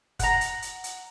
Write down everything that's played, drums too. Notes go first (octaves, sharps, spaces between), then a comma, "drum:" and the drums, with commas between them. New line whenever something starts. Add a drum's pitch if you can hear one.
F#5 A#5, drum: kick, hi-hat
drum: hi-hat
drum: hi-hat
drum: hi-hat